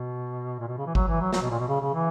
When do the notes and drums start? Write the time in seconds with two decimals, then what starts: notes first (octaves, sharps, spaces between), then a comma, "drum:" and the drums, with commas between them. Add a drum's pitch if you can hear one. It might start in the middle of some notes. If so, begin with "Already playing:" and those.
Already playing: B2
0.59 A#2
0.68 B2
0.78 C#3
0.87 E3
0.95 F#3, drum: kick G#1
1.08 E3
1.20 F#3
1.33 F#3, drum: snare
1.42 B2
1.50 A#2
1.59 B2
1.68 C#3
1.81 C#3
1.93 E3